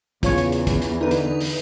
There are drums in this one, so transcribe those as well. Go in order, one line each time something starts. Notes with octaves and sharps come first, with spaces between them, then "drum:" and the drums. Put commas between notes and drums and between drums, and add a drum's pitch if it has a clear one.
E2 C#3 F4 C#5 C#6, drum: kick, hi-hat
drum: hi-hat
drum: hi-hat
drum: kick, hi-hat
drum: hi-hat
D3 D#4 B4
drum: hi-hat
drum: open hi-hat